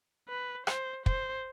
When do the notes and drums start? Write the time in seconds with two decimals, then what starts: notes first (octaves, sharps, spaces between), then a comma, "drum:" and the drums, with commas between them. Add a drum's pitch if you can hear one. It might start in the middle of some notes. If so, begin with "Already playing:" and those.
0.28 B4
0.67 C5, drum: rim click
1.06 C5, drum: kick